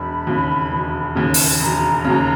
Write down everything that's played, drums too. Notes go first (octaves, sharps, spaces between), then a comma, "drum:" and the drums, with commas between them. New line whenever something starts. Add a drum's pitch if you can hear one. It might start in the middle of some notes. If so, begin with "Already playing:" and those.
Already playing: E1 B5
D#2 C#3
E1
D#2 C#3
drum: open hi-hat
E1 A#5
C#3
D#2